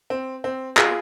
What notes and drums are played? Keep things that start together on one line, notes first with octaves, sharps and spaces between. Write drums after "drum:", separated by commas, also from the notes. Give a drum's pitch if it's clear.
C4
C4
F4 G#4, drum: clap